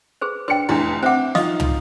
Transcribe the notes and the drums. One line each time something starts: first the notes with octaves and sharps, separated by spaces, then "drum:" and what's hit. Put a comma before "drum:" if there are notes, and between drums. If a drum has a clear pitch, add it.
G#4 B4 C5
D4 B4 G5 C#7
F1 E2 D4 E4
C4 C5 E5 F#5 D6
F3 D#4 F4 D#5 F5 D#6, drum: snare
drum: tom